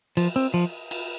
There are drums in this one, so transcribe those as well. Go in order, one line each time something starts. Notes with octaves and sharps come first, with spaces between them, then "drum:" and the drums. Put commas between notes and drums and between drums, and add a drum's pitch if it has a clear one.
F3, drum: cymbal
C4
F3
drum: cymbal